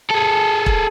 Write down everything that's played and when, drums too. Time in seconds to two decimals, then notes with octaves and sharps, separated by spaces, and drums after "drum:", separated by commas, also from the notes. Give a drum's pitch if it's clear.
0.11 G#4 A4
0.66 drum: kick